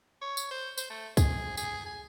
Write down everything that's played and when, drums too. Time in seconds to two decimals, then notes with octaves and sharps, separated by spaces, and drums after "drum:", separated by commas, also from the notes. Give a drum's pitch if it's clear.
0.22 C#5
0.37 drum: tambourine
0.51 C5
0.78 C5, drum: tambourine
0.90 A3
1.17 G#4, drum: kick, tambourine
1.57 G#4, drum: tambourine
1.86 G#5